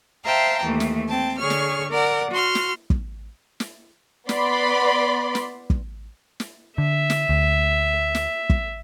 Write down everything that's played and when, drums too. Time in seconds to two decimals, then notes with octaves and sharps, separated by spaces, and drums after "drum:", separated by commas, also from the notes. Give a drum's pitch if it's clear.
0.24 C5 E5 F5 G5 A5 A#5
0.63 D#2 E3 A3
0.80 drum: snare
1.08 C4 G5 A5
1.38 D3 G#4 C#5 C#6 F6
1.50 drum: snare
1.90 A#4 D5 F#5
2.31 F#4 C6 F6
2.55 drum: snare
2.90 drum: kick
3.60 drum: snare
4.29 B3 D5 B5 C6, drum: snare
5.35 drum: snare
5.70 drum: kick
6.40 drum: snare
6.78 D3 E5
7.10 drum: snare
7.29 D2
8.15 drum: snare
8.50 drum: kick